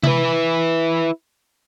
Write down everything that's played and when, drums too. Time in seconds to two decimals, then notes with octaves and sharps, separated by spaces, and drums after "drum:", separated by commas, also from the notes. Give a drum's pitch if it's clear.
0.03 E4 B4, drum: tom C3